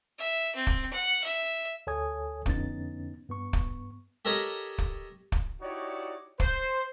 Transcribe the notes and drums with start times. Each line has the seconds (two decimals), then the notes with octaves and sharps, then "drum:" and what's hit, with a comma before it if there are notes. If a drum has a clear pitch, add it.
0.19 E5
0.56 C4
0.67 drum: kick
0.93 F#5
1.24 E5
1.87 D2 A4 C#5 G#5 D#6 G#6
2.46 F2 D3 B3 C#4 D#4 A6, drum: kick
3.29 G2 B3 C#6
3.53 drum: kick
4.25 G4 A4 A#4 C#5 D#5 B5
4.78 drum: kick
5.32 drum: kick
5.61 D#4 E4 F#4 G4 C#5 D5
6.40 C5, drum: kick